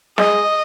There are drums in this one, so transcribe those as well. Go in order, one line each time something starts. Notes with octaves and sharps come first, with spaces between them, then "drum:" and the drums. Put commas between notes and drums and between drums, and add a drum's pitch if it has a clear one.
G#3 D#5, drum: snare